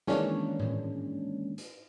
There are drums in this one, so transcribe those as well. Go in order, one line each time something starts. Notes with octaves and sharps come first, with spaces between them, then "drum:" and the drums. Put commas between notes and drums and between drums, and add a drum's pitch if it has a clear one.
D#3 E3 G#3 A#3 C#4 D4, drum: snare
drum: tom A2
drum: hi-hat